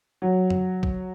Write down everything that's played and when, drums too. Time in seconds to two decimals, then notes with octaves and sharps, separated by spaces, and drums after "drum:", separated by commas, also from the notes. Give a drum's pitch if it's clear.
0.22 F#3
0.50 drum: tom F2
0.83 drum: kick A#1